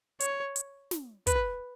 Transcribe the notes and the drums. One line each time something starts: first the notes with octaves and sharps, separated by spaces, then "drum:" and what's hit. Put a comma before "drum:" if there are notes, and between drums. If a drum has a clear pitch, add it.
C#5, drum: hi-hat
drum: hi-hat
drum: snare
B4, drum: kick, hi-hat